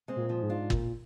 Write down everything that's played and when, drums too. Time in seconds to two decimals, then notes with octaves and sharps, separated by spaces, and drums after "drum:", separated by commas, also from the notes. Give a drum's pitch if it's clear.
0.08 G#3 C4
0.16 A#2
0.29 F3 G#3
0.42 G#2
0.49 D4 F4
0.70 A#2, drum: kick